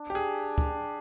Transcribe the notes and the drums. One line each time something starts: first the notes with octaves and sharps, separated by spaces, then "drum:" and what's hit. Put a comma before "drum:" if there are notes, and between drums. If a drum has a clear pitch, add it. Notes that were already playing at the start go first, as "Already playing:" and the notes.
Already playing: D4
G4
G#4
drum: kick